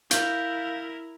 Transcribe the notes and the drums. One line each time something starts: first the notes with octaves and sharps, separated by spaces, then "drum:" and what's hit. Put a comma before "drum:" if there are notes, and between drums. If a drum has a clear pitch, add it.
E4 A#4 F5 G6, drum: hi-hat